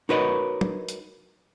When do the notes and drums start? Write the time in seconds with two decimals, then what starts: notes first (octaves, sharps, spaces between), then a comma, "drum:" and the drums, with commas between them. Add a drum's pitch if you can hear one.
0.09 D#4 F#4 A#4 B4 C#5 D#5
0.61 drum: tom
0.89 drum: hi-hat